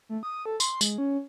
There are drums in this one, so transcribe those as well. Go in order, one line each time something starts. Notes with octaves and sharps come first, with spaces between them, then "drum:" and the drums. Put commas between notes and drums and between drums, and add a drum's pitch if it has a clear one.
A3
D#6
A4
C6, drum: tambourine
G#3, drum: tambourine
C#4